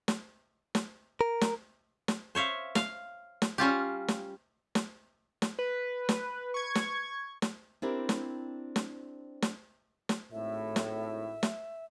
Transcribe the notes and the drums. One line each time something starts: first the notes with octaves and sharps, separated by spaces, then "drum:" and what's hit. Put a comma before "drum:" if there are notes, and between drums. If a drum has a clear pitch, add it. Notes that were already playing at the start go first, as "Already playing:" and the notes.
drum: snare
drum: snare
A#4
drum: snare
drum: snare
C5 C#5 E5 F5
F5, drum: snare
drum: snare
G3 C#4 F4 G4
drum: snare
drum: snare
drum: snare
B4
drum: snare
C#6 G#6
drum: snare
drum: snare
C4 D4 E4 G4 A#4
drum: snare
drum: snare
drum: snare
drum: snare
G#1 A2 E5
drum: snare
drum: snare